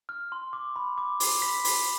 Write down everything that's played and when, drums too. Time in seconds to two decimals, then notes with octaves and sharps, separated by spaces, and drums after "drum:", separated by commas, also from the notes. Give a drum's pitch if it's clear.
0.09 F6
0.32 C6
0.53 D6
0.76 B5
0.98 D6
1.20 D6, drum: open hi-hat
1.42 B5 B6
1.64 B5, drum: open hi-hat